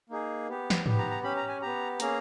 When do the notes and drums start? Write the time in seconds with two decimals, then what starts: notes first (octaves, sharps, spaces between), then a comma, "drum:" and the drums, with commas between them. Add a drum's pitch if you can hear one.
0.10 A#3 D#4 G#4
0.48 B3 G4
0.70 drum: snare
0.86 B3 G4, drum: tom G#2
0.99 A#5
1.11 A#5
1.23 C#4 G4 B5
1.37 A#5
1.49 G#5
1.62 B3 G4 A#5
2.00 A#3 C#4 G#4 A#5, drum: hi-hat